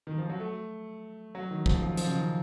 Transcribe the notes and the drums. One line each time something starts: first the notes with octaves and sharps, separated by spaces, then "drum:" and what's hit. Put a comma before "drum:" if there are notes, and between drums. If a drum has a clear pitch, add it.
D#3
F3
F#3
A3
F#3
D#3
F3, drum: kick
F3
F3, drum: hi-hat
C#3
D#3